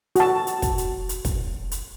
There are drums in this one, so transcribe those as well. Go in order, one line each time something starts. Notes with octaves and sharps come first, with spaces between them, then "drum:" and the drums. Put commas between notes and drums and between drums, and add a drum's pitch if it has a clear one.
F#4 A5, drum: hi-hat
drum: hi-hat
drum: kick, hi-hat
drum: hi-hat
drum: hi-hat
drum: kick, hi-hat
drum: hi-hat